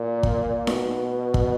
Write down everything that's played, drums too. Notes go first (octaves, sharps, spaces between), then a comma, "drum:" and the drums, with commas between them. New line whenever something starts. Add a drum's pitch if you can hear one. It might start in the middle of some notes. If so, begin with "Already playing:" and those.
Already playing: A#2
drum: kick
B2, drum: snare D#4
drum: kick